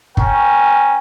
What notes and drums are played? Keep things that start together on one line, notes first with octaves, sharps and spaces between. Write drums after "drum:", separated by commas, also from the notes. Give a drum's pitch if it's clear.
C#4 A#4 G5, drum: kick